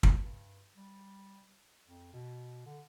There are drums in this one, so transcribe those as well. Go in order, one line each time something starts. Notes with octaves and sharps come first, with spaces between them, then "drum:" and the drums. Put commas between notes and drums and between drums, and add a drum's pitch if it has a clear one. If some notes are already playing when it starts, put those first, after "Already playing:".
drum: kick
G2
G3
F2
B2
D3